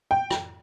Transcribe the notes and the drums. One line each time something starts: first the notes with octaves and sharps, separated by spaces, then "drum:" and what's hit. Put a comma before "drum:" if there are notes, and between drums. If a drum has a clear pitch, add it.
G5
drum: rim click